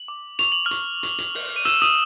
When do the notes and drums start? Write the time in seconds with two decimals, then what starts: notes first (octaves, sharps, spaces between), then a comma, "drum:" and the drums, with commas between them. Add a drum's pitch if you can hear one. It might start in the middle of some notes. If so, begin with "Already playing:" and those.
Already playing: F#7
0.08 D6
0.39 C#6 F7, drum: hi-hat
0.52 F#7
0.65 F6 F7
0.71 C#6, drum: hi-hat
1.03 C#6, drum: hi-hat
1.18 drum: hi-hat
1.35 C#6, drum: open hi-hat
1.56 D#7
1.65 E6 G6 E7, drum: hi-hat
1.82 D#6 D#7, drum: hi-hat